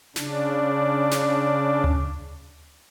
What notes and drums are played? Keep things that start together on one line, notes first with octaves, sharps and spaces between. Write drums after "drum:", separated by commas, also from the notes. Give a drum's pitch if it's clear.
C#3 D4, drum: snare
drum: snare
drum: tom D2